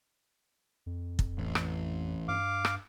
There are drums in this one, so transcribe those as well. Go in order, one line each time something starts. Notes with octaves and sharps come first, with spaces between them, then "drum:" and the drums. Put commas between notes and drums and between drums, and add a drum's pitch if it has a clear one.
F2
drum: kick
A1
drum: rim click
G2 F5 D6
drum: rim click